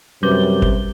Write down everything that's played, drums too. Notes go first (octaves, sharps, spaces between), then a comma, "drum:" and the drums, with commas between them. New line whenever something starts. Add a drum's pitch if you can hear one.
F#2 C3 G3 B4 G7
drum: kick